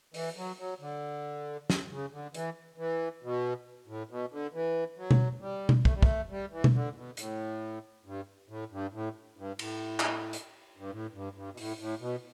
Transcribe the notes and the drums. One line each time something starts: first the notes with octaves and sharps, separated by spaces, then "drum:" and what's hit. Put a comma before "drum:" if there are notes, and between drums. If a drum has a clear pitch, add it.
E3, drum: open hi-hat
F#3
F#3
D3
drum: snare
C#3
D3
E3, drum: hi-hat
E3
B2
A2
B2
D3
E3
F#3
drum: tom B2
G3
drum: tom B2
A3, drum: kick
G3
A3, drum: kick
G3
E3
drum: tom B2
D3
B2
A2, drum: hi-hat
G2
A2
G2
A2
G2
A2, drum: cymbal
drum: clap
drum: hi-hat
G2
A2
G2
G2
B2
A2, drum: open hi-hat
A2
B2